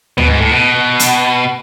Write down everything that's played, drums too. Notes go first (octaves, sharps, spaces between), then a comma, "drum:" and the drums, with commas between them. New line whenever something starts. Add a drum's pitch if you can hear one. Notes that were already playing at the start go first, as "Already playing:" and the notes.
B2, drum: tom D2
G#2
A2
B2
drum: hi-hat